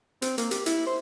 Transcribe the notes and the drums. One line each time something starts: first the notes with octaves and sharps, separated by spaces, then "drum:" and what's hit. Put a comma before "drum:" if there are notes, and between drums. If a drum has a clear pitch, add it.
C4, drum: hi-hat
A#3, drum: hi-hat
G4, drum: hi-hat
E4, drum: hi-hat
C5